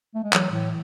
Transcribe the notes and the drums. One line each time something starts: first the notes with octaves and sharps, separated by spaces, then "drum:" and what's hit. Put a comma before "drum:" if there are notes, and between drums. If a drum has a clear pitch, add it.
A3
G#3
E3 F#3, drum: clap
A2 E3